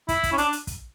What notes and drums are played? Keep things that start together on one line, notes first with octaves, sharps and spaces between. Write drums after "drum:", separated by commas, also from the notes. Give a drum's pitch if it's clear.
E4, drum: kick, hi-hat
drum: kick, hi-hat
C#4
D4, drum: hi-hat
drum: hi-hat
drum: kick, hi-hat